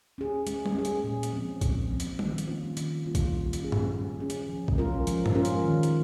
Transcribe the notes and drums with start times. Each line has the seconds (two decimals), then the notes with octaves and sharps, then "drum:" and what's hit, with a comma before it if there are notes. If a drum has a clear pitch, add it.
0.18 C#4 G#4
0.47 G#3, drum: hi-hat
0.66 drum: tom G3
0.75 C#4 G#4
0.85 drum: hi-hat
1.04 A#2
1.23 drum: hi-hat
1.33 F3 C4
1.61 A#2, drum: kick, hi-hat
1.91 F3 C4
2.00 drum: hi-hat
2.19 D#3, drum: tom G3
2.38 drum: hi-hat
2.47 G3 A#3 C#4 F4
2.77 D#3, drum: hi-hat
3.05 G3 A#3 C#4 F4
3.15 drum: kick, hi-hat
3.34 G3
3.53 drum: hi-hat
3.62 C#4 G#4
3.72 drum: tom G2
3.92 G3
4.20 C#4 G#4
4.30 drum: hi-hat
4.49 F3
4.68 drum: kick
4.78 G#3 C#4 F4 A#4
5.07 F3, drum: hi-hat
5.26 drum: tom G2
5.35 G#3 C#4 F4 A#4
5.45 drum: hi-hat
5.64 D#3
5.83 drum: hi-hat